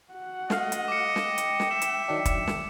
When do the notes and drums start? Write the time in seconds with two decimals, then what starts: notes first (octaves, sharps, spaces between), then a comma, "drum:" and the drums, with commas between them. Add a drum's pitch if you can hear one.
0.13 F#4 F#5
0.50 A3 D#5 F5, drum: snare
0.72 drum: hi-hat
0.88 D6 C#7
1.16 drum: snare
1.27 G5
1.38 drum: hi-hat
1.60 drum: snare
1.71 E5 E7
1.82 drum: hi-hat
2.08 D#3 F#3 D4
2.25 drum: kick, hi-hat
2.47 drum: snare